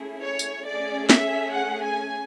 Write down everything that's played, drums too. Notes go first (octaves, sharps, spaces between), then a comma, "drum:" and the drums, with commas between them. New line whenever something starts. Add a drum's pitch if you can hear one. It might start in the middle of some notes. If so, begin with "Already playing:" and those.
Already playing: A3 C#4 E4 G#4
C#5
drum: tambourine
A3 C#4 G#4 D5
E5, drum: snare
F#5
G#5